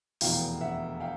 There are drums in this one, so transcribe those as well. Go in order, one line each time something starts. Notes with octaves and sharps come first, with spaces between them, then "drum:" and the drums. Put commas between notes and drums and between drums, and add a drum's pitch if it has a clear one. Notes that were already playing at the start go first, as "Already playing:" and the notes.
F1 E2 B2 F5 G5, drum: open hi-hat
E5 F#5
F5 G5